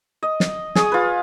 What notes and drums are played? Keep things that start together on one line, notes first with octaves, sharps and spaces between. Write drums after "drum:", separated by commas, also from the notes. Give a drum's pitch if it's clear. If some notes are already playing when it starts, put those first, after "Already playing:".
D#5
drum: snare
G#4 C#6 D#6, drum: snare
F4 B4